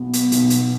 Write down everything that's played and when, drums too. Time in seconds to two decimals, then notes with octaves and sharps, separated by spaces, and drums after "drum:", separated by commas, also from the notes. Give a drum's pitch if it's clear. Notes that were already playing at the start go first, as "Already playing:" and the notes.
Already playing: B1 B2 B3
0.13 B3, drum: hi-hat
0.32 B1, drum: hi-hat
0.50 B3, drum: hi-hat